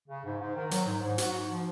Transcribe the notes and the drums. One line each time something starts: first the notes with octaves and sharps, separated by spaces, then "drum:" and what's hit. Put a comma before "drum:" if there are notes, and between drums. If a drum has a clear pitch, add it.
C#3
G#2
G#2
D#3
F#3, drum: hi-hat
G#2
G#2
F#4, drum: hi-hat
G#2
F3